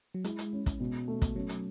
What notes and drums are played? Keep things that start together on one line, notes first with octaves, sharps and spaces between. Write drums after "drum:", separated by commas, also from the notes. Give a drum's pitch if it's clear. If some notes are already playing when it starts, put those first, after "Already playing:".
F#3
G#3 E4, drum: hi-hat
drum: hi-hat
C#4
drum: kick, hi-hat
B2
A3
drum: kick, hi-hat
F#3 C#4
drum: hi-hat